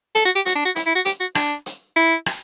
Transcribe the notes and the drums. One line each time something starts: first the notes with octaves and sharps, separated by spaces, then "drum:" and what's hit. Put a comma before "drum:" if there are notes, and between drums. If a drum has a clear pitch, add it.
A4, drum: hi-hat
F#4
G4
F#4, drum: hi-hat
D4
F#4
E4, drum: hi-hat
E4
F#4
G4, drum: hi-hat
F#4
D4, drum: rim click
drum: hi-hat
E4
drum: rim click